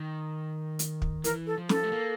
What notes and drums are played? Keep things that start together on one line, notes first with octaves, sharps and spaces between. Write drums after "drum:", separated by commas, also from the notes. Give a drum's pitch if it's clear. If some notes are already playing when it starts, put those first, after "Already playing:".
Already playing: D#3
drum: hi-hat
drum: kick
E3 A#4, drum: hi-hat
A4
F3
A4, drum: snare
A3
A#3